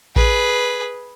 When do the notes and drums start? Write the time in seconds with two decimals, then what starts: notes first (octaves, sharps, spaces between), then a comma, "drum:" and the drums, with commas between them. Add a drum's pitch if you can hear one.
0.16 G#4 B4, drum: kick A1